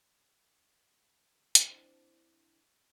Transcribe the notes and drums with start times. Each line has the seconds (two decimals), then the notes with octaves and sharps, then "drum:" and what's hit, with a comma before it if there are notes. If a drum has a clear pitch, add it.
1.55 C4 D4 E4, drum: hi-hat